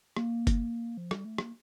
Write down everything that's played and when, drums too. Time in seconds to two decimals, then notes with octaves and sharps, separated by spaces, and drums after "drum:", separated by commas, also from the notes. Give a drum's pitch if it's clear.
0.17 A#3, drum: rim click
0.47 drum: kick F#1, hi-hat
0.97 F3
1.11 G3, drum: rim click
1.25 A3
1.38 A#3, drum: rim click